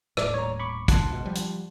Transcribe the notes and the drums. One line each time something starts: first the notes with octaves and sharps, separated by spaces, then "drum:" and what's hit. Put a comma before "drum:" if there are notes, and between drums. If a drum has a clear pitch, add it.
D#1 A2 D5 D6, drum: rim click
C#5 A#5
B5 C#6 D6
F#5 A5 C6, drum: kick, hi-hat
C#2 B2
F3 G3
drum: hi-hat